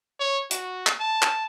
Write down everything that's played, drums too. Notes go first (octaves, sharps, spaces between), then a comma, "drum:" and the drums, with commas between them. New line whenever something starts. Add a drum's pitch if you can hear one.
C#5
F#4, drum: hi-hat
drum: clap
A5
drum: clap